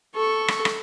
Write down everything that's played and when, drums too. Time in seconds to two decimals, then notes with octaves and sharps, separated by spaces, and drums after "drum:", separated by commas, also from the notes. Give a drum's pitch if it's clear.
0.15 A4 C#6
0.48 drum: rim click
0.65 drum: rim click